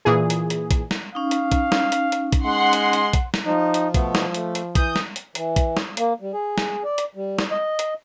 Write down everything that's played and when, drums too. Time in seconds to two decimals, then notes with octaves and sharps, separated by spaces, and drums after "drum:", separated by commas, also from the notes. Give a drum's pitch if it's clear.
0.05 A#2 E3 G#4
0.30 drum: hi-hat
0.50 drum: hi-hat
0.71 drum: kick A#1, hi-hat
0.91 drum: snare
1.15 C#4 D#4 F5
1.31 drum: hi-hat
1.52 drum: kick A#1, hi-hat
1.72 drum: snare
1.92 drum: hi-hat
2.12 drum: hi-hat
2.33 drum: kick A#1, hi-hat
2.45 G#3 F#5 C6
2.73 drum: hi-hat
2.93 drum: hi-hat
3.13 drum: kick A#1, hi-hat
3.34 drum: snare
3.46 F3 D#4
3.74 drum: hi-hat
3.94 B2 F3 A3 B3, drum: kick A#1, hi-hat
4.15 drum: snare
4.34 A3, drum: hi-hat
4.55 drum: hi-hat
4.75 E3 D#6 G6, drum: kick A#1, hi-hat
4.96 drum: snare
5.16 drum: hi-hat
5.35 E3, drum: hi-hat
5.56 drum: kick A#1, hi-hat
5.77 drum: snare
5.97 A#3, drum: hi-hat
6.20 G3
6.33 G#4
6.58 drum: snare
6.84 D5
6.98 drum: hi-hat
7.15 G3
7.39 drum: snare
7.51 D#5
7.79 drum: hi-hat